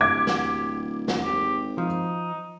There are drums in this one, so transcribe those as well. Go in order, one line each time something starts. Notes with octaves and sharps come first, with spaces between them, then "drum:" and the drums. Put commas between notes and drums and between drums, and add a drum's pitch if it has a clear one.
D1 G4 D6 G#6
drum: snare
drum: snare
G#1 G4
F3 D#4